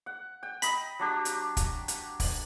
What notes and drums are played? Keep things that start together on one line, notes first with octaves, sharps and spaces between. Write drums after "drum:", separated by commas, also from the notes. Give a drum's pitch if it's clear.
F#5
G5
D#5 A#5 B5 B6, drum: hi-hat
F#3 D4 G4
drum: hi-hat
drum: kick, hi-hat
drum: hi-hat
drum: kick, open hi-hat